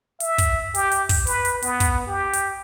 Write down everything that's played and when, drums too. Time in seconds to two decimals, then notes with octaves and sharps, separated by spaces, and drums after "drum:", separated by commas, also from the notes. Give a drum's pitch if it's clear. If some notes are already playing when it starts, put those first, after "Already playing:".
0.20 E5, drum: hi-hat
0.38 drum: kick, hi-hat
0.75 G4, drum: hi-hat
0.91 drum: hi-hat
1.09 drum: kick, open hi-hat
1.27 B4, drum: hi-hat
1.45 drum: hi-hat
1.62 B3, drum: hi-hat
1.80 drum: kick, hi-hat
2.07 G4
2.33 drum: hi-hat